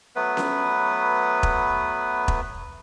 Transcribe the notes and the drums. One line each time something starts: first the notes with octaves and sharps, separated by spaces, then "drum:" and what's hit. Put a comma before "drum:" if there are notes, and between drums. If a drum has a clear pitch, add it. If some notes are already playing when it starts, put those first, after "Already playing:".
F#3 A3 B3 B4
drum: snare C#4
drum: kick E1
drum: kick E1